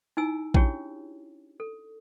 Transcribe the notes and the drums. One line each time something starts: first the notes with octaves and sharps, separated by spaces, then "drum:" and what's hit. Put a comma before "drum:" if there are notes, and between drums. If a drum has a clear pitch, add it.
D#4 E4 G#5 E6
C#4 D4 E4 F#4 G4 C#5, drum: kick A#1
A4